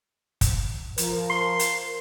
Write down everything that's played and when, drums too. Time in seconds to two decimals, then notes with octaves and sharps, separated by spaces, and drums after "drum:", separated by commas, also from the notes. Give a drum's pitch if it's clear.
0.41 drum: kick, hi-hat
0.98 F3 A#4, drum: hi-hat
1.30 C6
1.59 drum: hi-hat